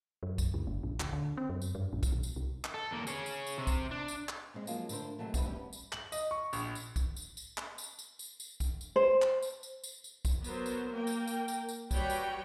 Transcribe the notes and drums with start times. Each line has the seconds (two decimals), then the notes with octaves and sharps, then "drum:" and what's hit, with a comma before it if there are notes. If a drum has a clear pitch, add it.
0.23 F#2
0.38 drum: kick B1, tambourine
0.54 C#2
0.67 G1
0.83 A#1
1.00 D2, drum: clap
1.13 D3
1.37 C4
1.49 F#2
1.62 drum: tambourine
1.75 G2
1.93 A#1
2.03 drum: kick B1, tambourine
2.12 B1
2.23 drum: tambourine
2.36 C2
2.64 drum: clap
2.74 A4
2.91 E2 A#3
3.07 G#4 C#5, drum: tambourine
3.26 drum: tambourine
3.47 drum: tambourine
3.58 C3
3.67 drum: kick B1, tambourine
3.91 D4
4.08 drum: tambourine
4.29 drum: clap
4.54 G#3 C4 C#4
4.67 F3 F#3 G#3 A#3, drum: tambourine
4.89 A2 D3 D4 A#4 C5, drum: tambourine
5.18 C3 F#3 G#3 A3 C#4
5.34 G2 D3 E3 C4 D#4 B4, drum: kick B1, tambourine
5.46 G3 B3 C#4
5.73 drum: tambourine
5.92 F#7, drum: clap
6.12 D#5, drum: tambourine
6.31 C#6
6.53 A#1, drum: tambourine
6.75 drum: tambourine
6.96 drum: kick B1, tambourine
7.16 drum: tambourine
7.37 drum: tambourine
7.58 drum: clap
7.78 drum: tambourine
7.99 drum: tambourine
8.19 drum: tambourine
8.40 drum: tambourine
8.60 drum: kick B1, tambourine
8.81 drum: tambourine
8.96 C5
9.22 drum: clap
9.42 drum: tambourine
9.63 drum: tambourine
9.84 drum: tambourine
10.04 drum: tambourine
10.25 drum: kick B1, tambourine
10.44 F#3 B3 A#4 C5, drum: tambourine
10.66 drum: tambourine
10.92 A#3 A#4 G5
11.07 drum: tambourine
11.27 drum: tambourine
11.48 drum: tambourine
11.68 drum: tambourine
11.91 G3 F#4 B4 C#5 G5 B5, drum: kick B1, tambourine
12.10 drum: tambourine